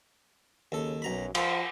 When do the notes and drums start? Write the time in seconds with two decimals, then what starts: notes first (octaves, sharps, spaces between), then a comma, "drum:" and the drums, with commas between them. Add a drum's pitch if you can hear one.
0.72 D#2 C#3 A4
1.02 B1 F#2 A#5 B5
1.35 F3 F4, drum: cymbal